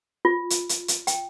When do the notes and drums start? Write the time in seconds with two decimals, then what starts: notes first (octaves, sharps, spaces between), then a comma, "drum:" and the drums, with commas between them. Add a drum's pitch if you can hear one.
0.25 F4
0.50 drum: hi-hat
0.69 drum: hi-hat
0.88 drum: hi-hat
1.07 G5, drum: hi-hat